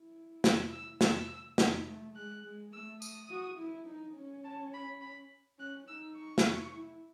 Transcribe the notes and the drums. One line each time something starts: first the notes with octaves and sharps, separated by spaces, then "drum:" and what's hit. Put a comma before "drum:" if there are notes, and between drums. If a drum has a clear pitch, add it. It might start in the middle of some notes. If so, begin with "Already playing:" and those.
Already playing: E4
E6, drum: snare
E6
E6, drum: snare
D#4, drum: snare
A3
G#3 F#6
G#3
A3 E6
D#6, drum: tambourine
F#4
E4
D#4
C#4
A5
B5
B5
C#4 F#6
D#4 E6
C#6
drum: snare
E4